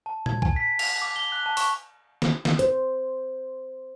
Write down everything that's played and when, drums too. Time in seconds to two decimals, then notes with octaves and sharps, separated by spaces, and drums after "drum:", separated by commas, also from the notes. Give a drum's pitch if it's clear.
0.06 A5
0.26 G#6, drum: tom A#2
0.42 G#5, drum: kick B1
0.56 B6
0.79 F7, drum: cymbal
1.02 D6
1.16 G7
1.32 F#6
1.46 A5
1.57 C#6, drum: open hi-hat
2.22 drum: snare
2.45 drum: snare
2.59 C5, drum: hi-hat